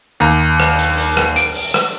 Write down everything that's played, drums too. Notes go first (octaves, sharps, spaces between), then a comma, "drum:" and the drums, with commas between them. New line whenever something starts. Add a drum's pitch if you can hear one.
D#2 A#5
drum: rim click
drum: hi-hat
drum: hi-hat
drum: rim click
D7, drum: hi-hat
drum: open hi-hat
drum: rim click